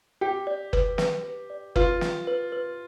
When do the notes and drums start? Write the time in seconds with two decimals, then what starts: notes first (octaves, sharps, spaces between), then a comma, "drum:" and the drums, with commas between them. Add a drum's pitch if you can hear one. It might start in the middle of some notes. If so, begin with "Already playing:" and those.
0.21 G4 G5
0.47 D5
0.73 B4, drum: kick F#1
0.98 B4, drum: snare
1.24 B4
1.50 D5
1.76 F4 B4, drum: kick F#1
2.01 B4, drum: snare
2.27 B4
2.52 B4